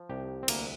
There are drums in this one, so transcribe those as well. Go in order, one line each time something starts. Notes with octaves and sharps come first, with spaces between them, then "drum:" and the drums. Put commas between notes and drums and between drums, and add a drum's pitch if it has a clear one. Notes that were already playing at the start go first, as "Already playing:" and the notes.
Already playing: F3
C2 G4
C4
D2 A#3, drum: cymbal